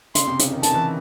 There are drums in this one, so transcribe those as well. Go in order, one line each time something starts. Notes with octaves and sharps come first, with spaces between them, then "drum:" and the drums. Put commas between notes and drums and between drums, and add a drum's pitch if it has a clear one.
C#3 C6, drum: hi-hat
C3
C#3, drum: hi-hat
D#3
D#3 A5, drum: hi-hat
E3